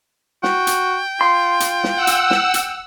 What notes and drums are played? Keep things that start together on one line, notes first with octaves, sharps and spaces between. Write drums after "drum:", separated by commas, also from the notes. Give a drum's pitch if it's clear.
F#4 G5, drum: snare
drum: hi-hat
F4 C6
drum: hi-hat
drum: snare
F#5 E6
drum: hi-hat
drum: snare
drum: hi-hat